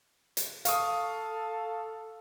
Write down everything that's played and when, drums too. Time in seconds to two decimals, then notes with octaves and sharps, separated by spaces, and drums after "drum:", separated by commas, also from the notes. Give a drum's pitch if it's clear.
0.37 drum: hi-hat
0.65 A4 F5 C#6 D#6, drum: hi-hat